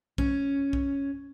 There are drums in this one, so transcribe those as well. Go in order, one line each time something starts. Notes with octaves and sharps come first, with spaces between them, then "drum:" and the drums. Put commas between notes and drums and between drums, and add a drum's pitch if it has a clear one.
C#4, drum: kick B1
drum: kick B1